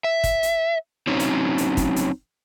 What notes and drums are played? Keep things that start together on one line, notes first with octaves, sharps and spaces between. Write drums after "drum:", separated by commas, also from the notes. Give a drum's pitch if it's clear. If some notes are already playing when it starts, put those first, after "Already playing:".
E5
drum: kick, hi-hat
drum: hi-hat
F#3 C4 C#4 D#4
drum: hi-hat
drum: hi-hat
drum: kick, hi-hat
drum: hi-hat